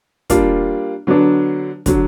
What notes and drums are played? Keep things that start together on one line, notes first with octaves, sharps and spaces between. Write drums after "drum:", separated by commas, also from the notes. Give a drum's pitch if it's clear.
G3 A#3 D4 F4, drum: kick, hi-hat
D3 F#3 B3 D4
D3 F#3, drum: kick, hi-hat